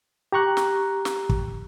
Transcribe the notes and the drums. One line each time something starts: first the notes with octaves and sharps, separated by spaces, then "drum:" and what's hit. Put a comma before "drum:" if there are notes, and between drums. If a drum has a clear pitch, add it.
G4 A#5 C#6 F#6
drum: snare
drum: snare
drum: kick